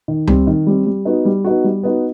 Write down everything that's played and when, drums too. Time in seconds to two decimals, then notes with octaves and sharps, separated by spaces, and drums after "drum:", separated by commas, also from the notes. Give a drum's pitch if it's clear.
0.08 D#3
0.27 G3 C4, drum: tom C#2
0.47 D#3
0.67 G3 C4
0.86 G3
1.05 B3 D#4 F#4
1.25 G3
1.44 B3 D#4 F#4
1.64 G3
1.83 B3 D#4 F#4